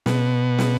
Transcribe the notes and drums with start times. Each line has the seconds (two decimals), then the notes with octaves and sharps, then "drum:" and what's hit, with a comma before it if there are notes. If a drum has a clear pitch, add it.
0.06 B2, drum: snare
0.59 drum: snare